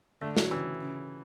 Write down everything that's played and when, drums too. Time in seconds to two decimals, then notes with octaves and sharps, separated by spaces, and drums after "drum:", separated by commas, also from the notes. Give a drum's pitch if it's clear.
0.21 D3 A3
0.37 F#3, drum: snare
0.51 C#3 E3
0.80 C#3